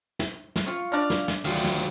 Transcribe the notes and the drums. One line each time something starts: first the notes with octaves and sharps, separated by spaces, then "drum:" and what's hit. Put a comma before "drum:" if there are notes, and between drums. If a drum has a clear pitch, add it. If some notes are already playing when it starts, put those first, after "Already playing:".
drum: snare
drum: snare
F4 F5 C#6
D4 D5 F6
drum: snare
drum: snare
D2 D#3 F#3 F4 F5
drum: snare